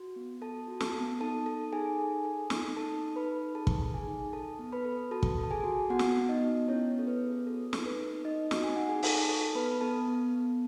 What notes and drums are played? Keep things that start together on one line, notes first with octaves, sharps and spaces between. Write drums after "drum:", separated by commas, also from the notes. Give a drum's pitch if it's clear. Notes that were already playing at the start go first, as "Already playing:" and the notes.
Already playing: F#4
B3
A4 A5
F#4
A4 A5, drum: snare
B3
D#4 A4 A5
A4 A5
D#4 G#4 G#5
A4
A4
D#4, drum: snare
D#4 A4 A5
D#4
B4 B5
D#4
G#4 A4 A5
drum: kick
G#4
G#4 G#5
D#4
A4 A5
B3
B4 B5
A4
F#4 A4 A5
drum: kick
A4
A5
G#4 G#5
F#4
B3 F#4 F#5
drum: snare
B3
D#4 D#5
B3
C#4 E4 C#5
B3 A4
B4
G#4
F#4 A4
D#4 A4, drum: snare
B4
D#4
D#4 D#5
F#4, drum: snare
G#5
D#4 F#5
G#4 G#5
D#4 A4 A5, drum: open hi-hat
A4 A5
B3 B4 B5
B3 A4 A5
B3
B3